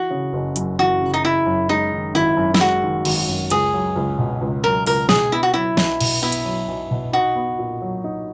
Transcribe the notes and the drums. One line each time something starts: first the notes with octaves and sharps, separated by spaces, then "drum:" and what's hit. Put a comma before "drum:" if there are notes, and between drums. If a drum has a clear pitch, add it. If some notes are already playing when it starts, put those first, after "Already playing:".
Already playing: E3 F#4
C#3
F#1
F#2, drum: hi-hat
E3 F#4
C#3
D#4
F#1 E4
F#2
G#3 D#4
D#3
G#1 E4
F#2
E4, drum: snare
G#3 F#4
D#3
G#1, drum: cymbal
F#2
C#2 G#4, drum: hi-hat
F#3
C#2
B2
C#2
F#3 A#4
C#2 A#4, drum: open hi-hat
B2 G#4, drum: snare
B3 E4
F#4
F#3 E4
B1, drum: snare
B2, drum: cymbal
B3 E4
drum: hi-hat
F#3
B1
B2
D#4 F#4
B3
A#2
F#3
D#4